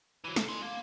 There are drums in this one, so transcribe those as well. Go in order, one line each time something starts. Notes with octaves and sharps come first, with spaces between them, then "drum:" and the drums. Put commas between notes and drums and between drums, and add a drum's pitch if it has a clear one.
E3 F#3
C2 A4, drum: snare
G#5 C6
A#3